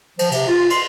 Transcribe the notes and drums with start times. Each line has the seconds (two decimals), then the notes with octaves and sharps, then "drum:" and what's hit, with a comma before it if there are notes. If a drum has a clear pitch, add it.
0.19 F3, drum: cymbal
0.32 C3, drum: cymbal
0.48 F4
0.70 C6, drum: cymbal